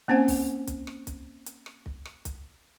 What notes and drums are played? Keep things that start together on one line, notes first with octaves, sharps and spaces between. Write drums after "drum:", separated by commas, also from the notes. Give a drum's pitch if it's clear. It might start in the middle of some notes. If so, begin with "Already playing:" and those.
A#3 C4 C#4 C5 F#5 G#5
drum: kick, open hi-hat
drum: kick, hi-hat
drum: rim click
drum: kick, hi-hat
drum: hi-hat
drum: rim click
drum: kick
drum: rim click
drum: kick, hi-hat